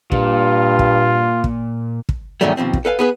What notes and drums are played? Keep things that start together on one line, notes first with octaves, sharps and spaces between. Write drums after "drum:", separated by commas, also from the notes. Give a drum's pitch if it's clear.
G2 A#2 F4, drum: kick
drum: kick
drum: kick
drum: kick
E2 G#2 D#3 F#3 G3 A3
D#2 B2 F3 C4
drum: kick
A4 B4 F5 G#5
B3 G#4 B4